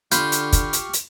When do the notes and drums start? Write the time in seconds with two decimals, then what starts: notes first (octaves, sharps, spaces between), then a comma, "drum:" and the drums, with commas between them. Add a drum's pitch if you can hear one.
0.12 D3 F4 G4 B5 C#6 F6 G6, drum: hi-hat
0.32 drum: hi-hat
0.53 drum: kick, hi-hat
0.73 drum: hi-hat
0.94 drum: hi-hat